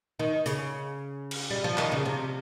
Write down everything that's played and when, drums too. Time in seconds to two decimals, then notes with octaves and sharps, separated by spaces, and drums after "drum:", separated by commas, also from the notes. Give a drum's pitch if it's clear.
0.19 D#3
0.46 C#3, drum: hi-hat
1.31 drum: cymbal
1.51 G3
1.64 F3
1.78 D#3, drum: clap
1.92 C#3
2.06 C3